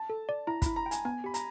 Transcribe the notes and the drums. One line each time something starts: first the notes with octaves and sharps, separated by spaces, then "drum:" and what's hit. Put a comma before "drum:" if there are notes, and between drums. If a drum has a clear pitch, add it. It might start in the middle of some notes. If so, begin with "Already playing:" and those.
Already playing: A5
A4
D5
E4 A#5
E4 B5, drum: kick, hi-hat
A#5
G5
G#5, drum: hi-hat
B3 G#5
G4 B5
A#5, drum: hi-hat